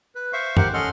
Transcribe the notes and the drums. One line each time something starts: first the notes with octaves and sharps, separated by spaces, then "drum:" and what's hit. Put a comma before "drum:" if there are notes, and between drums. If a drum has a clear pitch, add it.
B4
C5 E5 F5 C#6
G4 A#4 C5 F#5, drum: tom F#2
C#4 A4 D#5 F#5 C6 F6